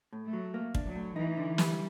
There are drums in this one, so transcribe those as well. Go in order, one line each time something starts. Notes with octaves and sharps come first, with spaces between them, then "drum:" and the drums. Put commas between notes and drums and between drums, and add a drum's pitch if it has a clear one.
A2
A3
F#3
A#3
D4, drum: kick
F#3
A2
E3 D#4
D3
G3, drum: snare